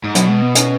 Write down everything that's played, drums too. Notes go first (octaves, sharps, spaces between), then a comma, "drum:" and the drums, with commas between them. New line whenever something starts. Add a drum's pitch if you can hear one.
G#2
B2 F#3, drum: hi-hat
G#3
B3
C#4, drum: hi-hat